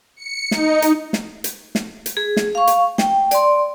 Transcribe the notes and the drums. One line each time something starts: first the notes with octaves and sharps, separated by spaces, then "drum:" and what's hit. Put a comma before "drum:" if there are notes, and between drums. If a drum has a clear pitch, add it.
C#7
D#4, drum: snare
drum: hi-hat
drum: snare
drum: hi-hat
drum: snare
drum: hi-hat
G#4
drum: snare
F5 C#6
drum: hi-hat
G5, drum: snare
D5 C6, drum: hi-hat